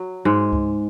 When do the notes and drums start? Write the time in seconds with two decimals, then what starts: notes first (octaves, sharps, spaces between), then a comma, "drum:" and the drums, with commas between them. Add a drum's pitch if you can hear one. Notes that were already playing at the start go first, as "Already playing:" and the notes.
Already playing: F#3
0.25 G#2 G#3
0.53 drum: kick C#2